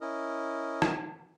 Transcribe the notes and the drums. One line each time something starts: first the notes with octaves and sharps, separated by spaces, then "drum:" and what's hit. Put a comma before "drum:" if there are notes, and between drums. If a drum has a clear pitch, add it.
C#4 E4 A#4 D#5
drum: rim click